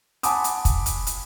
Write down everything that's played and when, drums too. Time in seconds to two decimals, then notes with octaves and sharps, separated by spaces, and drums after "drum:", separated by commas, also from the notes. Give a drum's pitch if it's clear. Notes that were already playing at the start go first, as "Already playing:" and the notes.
0.23 F#5 G#5 A5 B5 D6 D#6, drum: hi-hat
0.44 drum: hi-hat
0.65 drum: kick, hi-hat
0.86 drum: hi-hat
1.07 drum: hi-hat